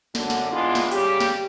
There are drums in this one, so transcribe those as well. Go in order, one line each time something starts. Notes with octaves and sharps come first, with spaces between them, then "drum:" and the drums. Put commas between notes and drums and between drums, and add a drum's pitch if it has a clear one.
F#2 D3, drum: snare
drum: snare
E3 G#3 B3 D4 E4 F4
drum: snare
C#3 G3 G4, drum: open hi-hat
drum: snare